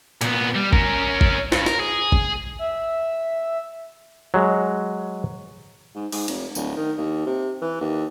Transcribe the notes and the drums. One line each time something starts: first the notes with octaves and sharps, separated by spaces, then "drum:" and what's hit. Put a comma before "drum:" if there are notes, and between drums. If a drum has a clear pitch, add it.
A#2 B3, drum: hi-hat
G3
C#4 A#4, drum: kick G#1
drum: kick G#1
G2, drum: snare
A#4, drum: snare
G#4
drum: kick G#1
E5
F#3 G#3
G#2
G#2, drum: open hi-hat
F1, drum: cymbal
D1, drum: tambourine
D#3
D#2
C3
E3
D#2